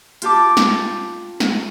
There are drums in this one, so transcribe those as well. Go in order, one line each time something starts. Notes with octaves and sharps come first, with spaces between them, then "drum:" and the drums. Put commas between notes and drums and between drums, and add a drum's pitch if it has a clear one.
F4 G4 A5 D6, drum: hi-hat
drum: snare
drum: snare